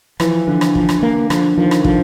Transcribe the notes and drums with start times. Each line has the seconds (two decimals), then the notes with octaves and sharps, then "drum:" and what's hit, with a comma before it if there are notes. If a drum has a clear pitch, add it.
0.20 E3 F3, drum: rim click
0.47 D3 F3
0.61 drum: rim click
0.75 F3, drum: kick
0.89 drum: rim click
1.03 A#3
1.30 D3 F3, drum: rim click
1.58 D#3 F3
1.71 drum: rim click
1.84 D3 F3, drum: kick